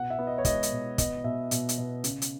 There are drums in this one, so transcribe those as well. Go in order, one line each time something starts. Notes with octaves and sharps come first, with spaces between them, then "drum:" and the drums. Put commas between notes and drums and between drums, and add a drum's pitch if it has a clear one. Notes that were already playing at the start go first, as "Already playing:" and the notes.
Already playing: B2 F#5
E5
B3
D#5
C#5
G#3 D#5, drum: kick, hi-hat
drum: hi-hat
B2
B3 D#5, drum: kick, hi-hat
B2 E5
B2, drum: hi-hat
drum: hi-hat
B2
C#3, drum: hi-hat
drum: hi-hat